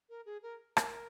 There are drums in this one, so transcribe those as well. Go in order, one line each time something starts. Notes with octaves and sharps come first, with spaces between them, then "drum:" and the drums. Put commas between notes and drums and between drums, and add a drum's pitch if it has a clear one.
A#4
G#4
A#4
A#4, drum: rim click